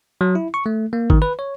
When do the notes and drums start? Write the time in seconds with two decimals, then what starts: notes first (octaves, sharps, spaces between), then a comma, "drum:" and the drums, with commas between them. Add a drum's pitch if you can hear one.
0.21 F#3
0.35 E4
0.54 C#6
0.66 A3
0.93 A#3
1.10 D#3, drum: kick G#1
1.22 B4
1.39 C#5